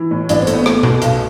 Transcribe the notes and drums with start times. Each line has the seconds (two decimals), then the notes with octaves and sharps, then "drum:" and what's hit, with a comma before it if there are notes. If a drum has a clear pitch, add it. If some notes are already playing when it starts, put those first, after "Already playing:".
Already playing: E3
0.11 A2
0.29 A1 D4, drum: hi-hat
0.41 C4
0.47 A3, drum: hi-hat
0.53 B3
0.66 A3, drum: rim click
0.83 B2, drum: tom B2
1.02 B1, drum: hi-hat